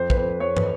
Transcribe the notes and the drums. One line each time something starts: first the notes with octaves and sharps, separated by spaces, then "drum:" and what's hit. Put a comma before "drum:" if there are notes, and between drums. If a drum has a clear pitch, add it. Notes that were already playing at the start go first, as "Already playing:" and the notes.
Already playing: F2 C5
B4, drum: kick
F2 C5
F2 C#5
B4, drum: tom